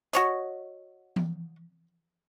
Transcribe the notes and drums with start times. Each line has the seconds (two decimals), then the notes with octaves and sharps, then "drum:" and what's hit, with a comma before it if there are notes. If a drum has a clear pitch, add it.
0.13 F#4 C#5 D#5, drum: hi-hat
1.16 drum: tom E3